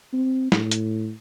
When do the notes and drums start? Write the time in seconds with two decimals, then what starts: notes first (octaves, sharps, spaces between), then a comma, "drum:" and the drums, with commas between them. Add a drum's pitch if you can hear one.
0.13 C4
0.52 A2, drum: snare
0.71 drum: hi-hat